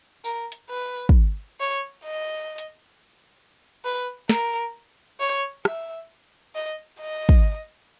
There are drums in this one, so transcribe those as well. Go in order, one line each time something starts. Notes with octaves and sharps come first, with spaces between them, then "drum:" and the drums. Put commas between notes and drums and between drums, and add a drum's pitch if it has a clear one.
A#4, drum: tambourine
drum: hi-hat
B4
drum: kick
C#5
D#5
drum: hi-hat
B4
A#4, drum: snare
C#5
E5, drum: rim click
D#5
D#5
drum: kick